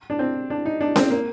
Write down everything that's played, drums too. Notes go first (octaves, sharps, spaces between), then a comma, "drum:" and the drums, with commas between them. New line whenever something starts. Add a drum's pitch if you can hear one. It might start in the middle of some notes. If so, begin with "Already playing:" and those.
D4
C4
D4
D#4
D4
C4, drum: snare C#4
A#3